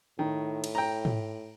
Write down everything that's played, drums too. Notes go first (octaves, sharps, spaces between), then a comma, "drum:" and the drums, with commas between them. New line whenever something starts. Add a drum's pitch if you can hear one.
A2 D#3
drum: cymbal
G5 A#5
drum: tom